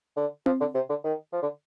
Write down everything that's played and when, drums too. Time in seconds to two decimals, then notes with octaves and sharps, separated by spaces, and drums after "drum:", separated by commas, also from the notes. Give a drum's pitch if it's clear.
0.17 D3
0.46 F3, drum: tom C4
0.60 D3
0.75 C3
0.89 D3
1.04 D#3
1.33 F3
1.42 D3